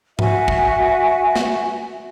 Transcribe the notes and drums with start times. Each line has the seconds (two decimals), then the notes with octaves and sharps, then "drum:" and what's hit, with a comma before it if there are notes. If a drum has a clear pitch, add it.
0.19 F#4 E5 G#5, drum: tom G#2
0.48 drum: kick
1.36 drum: snare